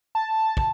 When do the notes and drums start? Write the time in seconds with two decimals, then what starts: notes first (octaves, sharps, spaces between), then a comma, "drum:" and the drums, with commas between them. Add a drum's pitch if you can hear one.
0.15 A5
0.57 drum: kick